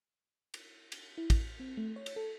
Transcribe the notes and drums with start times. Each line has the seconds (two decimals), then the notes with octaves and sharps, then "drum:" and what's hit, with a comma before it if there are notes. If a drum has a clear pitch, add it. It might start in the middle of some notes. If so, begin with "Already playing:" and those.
0.54 drum: cymbal
0.92 drum: cymbal
1.18 E4
1.30 A1, drum: kick, cymbal
1.60 C4
1.77 A3
1.96 C#5
2.06 drum: cymbal
2.16 A4